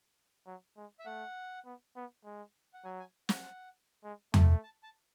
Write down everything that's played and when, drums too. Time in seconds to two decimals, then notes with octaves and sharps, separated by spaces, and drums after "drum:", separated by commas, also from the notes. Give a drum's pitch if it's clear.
0.47 F#3
0.77 G#3
0.99 E5
1.06 A3 F#5
1.65 B3
1.96 B3
2.25 G#3
2.74 F#5
2.85 F#3 G#5
3.00 G#5
3.29 F#5, drum: snare
4.04 G#3
4.34 A3, drum: tom E2
4.63 A5
4.83 A5